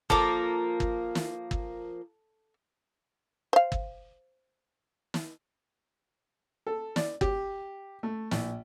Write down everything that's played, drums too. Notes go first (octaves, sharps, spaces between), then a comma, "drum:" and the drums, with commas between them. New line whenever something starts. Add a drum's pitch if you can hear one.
F3 A#3 A4 A#5 D6, drum: kick G1
drum: kick G1
drum: snare
drum: kick G1
C5 F5
drum: kick G1
drum: snare
A4
D5, drum: snare
G4, drum: kick G1
A3
A#1, drum: snare